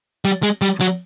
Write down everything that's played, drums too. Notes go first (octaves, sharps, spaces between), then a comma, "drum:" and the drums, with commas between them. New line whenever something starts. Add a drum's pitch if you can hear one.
G3, drum: hi-hat
G#3, drum: hi-hat
G3, drum: hi-hat
F#3, drum: hi-hat